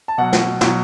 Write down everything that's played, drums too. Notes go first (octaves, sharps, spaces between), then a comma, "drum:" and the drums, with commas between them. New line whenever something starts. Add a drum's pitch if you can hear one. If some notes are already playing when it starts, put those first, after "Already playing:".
A5
B2 F#3 F#5
drum: snare
B2 F#3, drum: snare